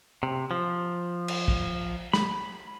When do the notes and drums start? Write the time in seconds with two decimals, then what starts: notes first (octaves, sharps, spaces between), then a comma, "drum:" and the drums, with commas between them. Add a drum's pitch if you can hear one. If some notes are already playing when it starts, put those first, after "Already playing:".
0.23 C3
0.51 F3
1.28 drum: cymbal
1.48 drum: kick
2.13 B5, drum: snare